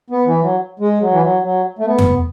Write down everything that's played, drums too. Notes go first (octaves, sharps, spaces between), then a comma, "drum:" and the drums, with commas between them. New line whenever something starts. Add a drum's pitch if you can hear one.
B3
E3
F#3
G#3
F#3
E3
F#3
F#3
A3
B3
drum: tom F2